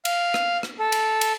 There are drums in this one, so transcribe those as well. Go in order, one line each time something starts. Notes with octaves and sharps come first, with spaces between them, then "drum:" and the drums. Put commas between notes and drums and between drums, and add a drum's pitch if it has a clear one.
F5, drum: cymbal
drum: rim click
drum: rim click
A4
drum: cymbal
drum: cymbal